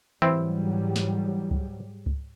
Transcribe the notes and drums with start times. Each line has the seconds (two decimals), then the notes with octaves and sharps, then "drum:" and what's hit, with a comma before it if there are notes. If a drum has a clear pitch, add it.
0.22 G#2 E3 F#3 G3 C4 E4
0.96 drum: snare
1.51 drum: kick C#2
2.06 drum: kick C#2